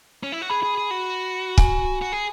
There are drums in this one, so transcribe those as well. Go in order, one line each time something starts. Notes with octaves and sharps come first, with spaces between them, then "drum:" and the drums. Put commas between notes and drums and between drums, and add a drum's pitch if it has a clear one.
C#4
E4
F#4
G#4 B5
G#4
G#4
F#4
G#5, drum: kick
F#4
G#4